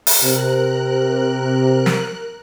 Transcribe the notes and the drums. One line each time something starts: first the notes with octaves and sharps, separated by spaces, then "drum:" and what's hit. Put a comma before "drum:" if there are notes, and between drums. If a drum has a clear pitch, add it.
drum: open hi-hat
C3 A#4 F#6
drum: snare